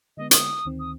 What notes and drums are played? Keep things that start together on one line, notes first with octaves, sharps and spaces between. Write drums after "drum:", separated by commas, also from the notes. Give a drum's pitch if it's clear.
D3 G#3 B3 D#5
D#6, drum: hi-hat
D2 D#3 C4
D#6